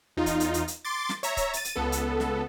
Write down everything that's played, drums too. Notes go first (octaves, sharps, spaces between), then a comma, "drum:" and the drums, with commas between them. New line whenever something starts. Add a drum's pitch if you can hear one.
E2 D#4 F4
drum: kick C#1, hi-hat
drum: hi-hat
drum: hi-hat
drum: hi-hat
C6 D6 A6
drum: snare
C#5 E5 A#5, drum: hi-hat
drum: kick C#1, hi-hat
A6 D#7, drum: hi-hat
drum: hi-hat
C#2 B3 A4
drum: hi-hat
drum: snare